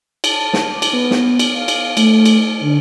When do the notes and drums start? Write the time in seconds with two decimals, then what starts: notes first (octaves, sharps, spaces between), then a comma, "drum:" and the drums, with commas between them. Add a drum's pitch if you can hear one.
0.24 A5, drum: cymbal
0.53 drum: snare
0.72 D6
0.82 drum: cymbal
0.93 B3
1.11 drum: snare
1.39 drum: cymbal
1.54 F5
1.68 drum: cymbal
1.97 A3, drum: cymbal
2.25 drum: cymbal
2.61 D3